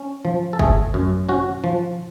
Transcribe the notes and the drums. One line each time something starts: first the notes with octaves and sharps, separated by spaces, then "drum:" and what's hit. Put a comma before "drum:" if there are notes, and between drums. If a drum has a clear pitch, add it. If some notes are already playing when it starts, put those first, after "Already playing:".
Already playing: C#4
F3
A4
A3 G#4, drum: kick G1
F#2
C#4 F#4
F3